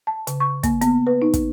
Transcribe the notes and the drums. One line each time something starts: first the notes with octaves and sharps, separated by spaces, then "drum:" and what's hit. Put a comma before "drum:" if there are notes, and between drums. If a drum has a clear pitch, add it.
A5
C#3, drum: hi-hat
C#6
A#3, drum: kick, hi-hat
B3, drum: hi-hat
B4
D#4
drum: kick, hi-hat